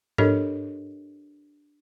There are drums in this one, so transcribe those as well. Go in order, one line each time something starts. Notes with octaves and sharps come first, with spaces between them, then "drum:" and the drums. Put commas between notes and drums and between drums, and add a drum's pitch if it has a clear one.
D4 G4 A4 A#4 C#5 D#5, drum: tom G#2